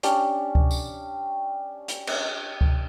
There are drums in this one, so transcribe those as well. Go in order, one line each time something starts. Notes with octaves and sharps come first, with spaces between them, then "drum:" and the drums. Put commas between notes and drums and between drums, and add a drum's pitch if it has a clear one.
C#4 D4 G4, drum: hi-hat
drum: kick C#2
drum: tambourine
drum: hi-hat
drum: cymbal
drum: kick C#2